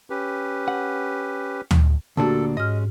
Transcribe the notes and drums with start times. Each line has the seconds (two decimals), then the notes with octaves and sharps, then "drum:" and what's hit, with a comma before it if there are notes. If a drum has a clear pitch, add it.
0.10 C#4 G4 B4
0.68 F#5
1.71 drum: tom
2.17 D2 A#2 D4 F#4 G4 A4 A5
2.57 G#2 G#3 C#4 D#5 F6